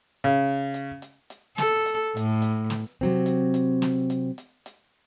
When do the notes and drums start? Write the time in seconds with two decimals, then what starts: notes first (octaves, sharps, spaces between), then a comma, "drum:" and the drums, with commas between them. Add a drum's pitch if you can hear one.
0.24 C#3
0.74 drum: hi-hat
1.02 drum: hi-hat
1.30 drum: hi-hat
1.58 A4, drum: snare
1.86 drum: hi-hat
2.17 A2, drum: hi-hat
2.42 drum: hi-hat
2.70 drum: snare
3.01 C3 F#3 C4
3.26 drum: hi-hat
3.54 drum: hi-hat
3.82 drum: snare
4.10 drum: hi-hat
4.38 drum: hi-hat
4.66 drum: hi-hat